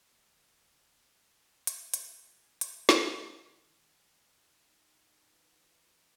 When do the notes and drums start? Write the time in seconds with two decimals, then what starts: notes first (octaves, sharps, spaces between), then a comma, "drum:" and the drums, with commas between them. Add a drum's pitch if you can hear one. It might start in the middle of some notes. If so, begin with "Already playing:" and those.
0.12 D1 D3 A#3
1.67 drum: hi-hat
1.94 C5, drum: hi-hat
2.22 G#5 G#6
2.61 drum: hi-hat
2.89 drum: snare
3.37 D#3
4.35 D#4
5.24 E3 F4